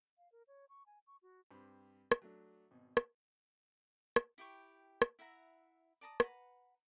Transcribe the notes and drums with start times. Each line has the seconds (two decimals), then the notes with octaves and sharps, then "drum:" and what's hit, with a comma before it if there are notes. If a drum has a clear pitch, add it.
0.18 F5
0.32 A#4
0.48 C#5
0.69 C#6
0.86 G#5
1.07 C#6
1.22 F#4
1.51 G2 C4 G4 B5
2.12 drum: rim click
2.22 F#3 A3 D4
2.71 G#1 B2
2.97 drum: rim click
4.16 drum: rim click
4.38 E4 G4 G5 C#6
5.02 drum: rim click
5.19 E4 E5 F#5 A#5
6.01 D5 A5 A#5 D#6
6.20 B4 F#5 A#5, drum: rim click